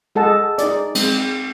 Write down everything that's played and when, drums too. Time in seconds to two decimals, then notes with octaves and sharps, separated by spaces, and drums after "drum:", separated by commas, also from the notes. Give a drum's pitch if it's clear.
0.15 G#3 G#4 A4 D#5 F#5 A5
0.58 D#4 G#4 D5, drum: hi-hat
0.95 G#3 C4, drum: cymbal